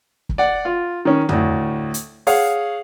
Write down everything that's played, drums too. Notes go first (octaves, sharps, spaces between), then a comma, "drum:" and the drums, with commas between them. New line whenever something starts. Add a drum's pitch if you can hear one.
drum: kick
D5 F#5
F4
D#3 C#4
D2 A2, drum: tom
drum: hi-hat
G#4 C#5 F5 F#5, drum: open hi-hat